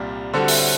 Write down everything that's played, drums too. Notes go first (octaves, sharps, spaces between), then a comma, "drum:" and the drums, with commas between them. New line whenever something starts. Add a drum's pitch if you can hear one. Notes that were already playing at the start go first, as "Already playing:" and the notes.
Already playing: C2 A#2 G3
D3 G3 C4 F#4 A4
drum: open hi-hat